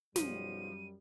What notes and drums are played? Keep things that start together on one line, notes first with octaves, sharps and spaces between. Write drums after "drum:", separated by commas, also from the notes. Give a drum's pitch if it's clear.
B1 F#2 F3 G3 D#7, drum: snare